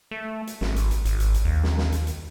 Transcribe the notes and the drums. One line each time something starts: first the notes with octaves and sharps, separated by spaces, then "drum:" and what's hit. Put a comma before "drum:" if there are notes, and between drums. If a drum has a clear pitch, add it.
A3
drum: hi-hat
G#1, drum: snare
drum: hi-hat
drum: hi-hat
G#1, drum: hi-hat
drum: hi-hat
drum: hi-hat
D#2
drum: snare
drum: snare
drum: hi-hat
drum: hi-hat